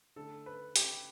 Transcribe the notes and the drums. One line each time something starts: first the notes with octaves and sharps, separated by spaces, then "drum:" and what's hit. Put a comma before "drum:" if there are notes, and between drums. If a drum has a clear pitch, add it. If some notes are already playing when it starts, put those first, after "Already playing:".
D3 A3 A4
B4
G4, drum: hi-hat